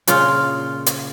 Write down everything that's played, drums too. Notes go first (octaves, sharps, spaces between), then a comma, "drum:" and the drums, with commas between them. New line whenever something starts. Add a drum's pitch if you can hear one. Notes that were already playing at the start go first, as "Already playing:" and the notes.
A#2 C#3 F4 C#5, drum: hi-hat
drum: hi-hat